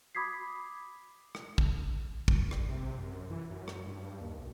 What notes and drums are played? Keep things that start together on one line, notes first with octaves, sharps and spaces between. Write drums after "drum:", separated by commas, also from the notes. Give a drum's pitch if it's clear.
B5 D6 D#6 G#6 B6 C7
drum: rim click
drum: kick
drum: kick
drum: rim click
C3
F#2
E3
F#2
drum: rim click
G2
D#2
B1